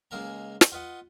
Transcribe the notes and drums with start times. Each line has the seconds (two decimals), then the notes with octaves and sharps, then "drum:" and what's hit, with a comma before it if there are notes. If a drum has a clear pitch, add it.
0.11 C#2 G#3 A#3 A#4 A#5
0.61 drum: snare
0.72 F4 B4 D#5 F#5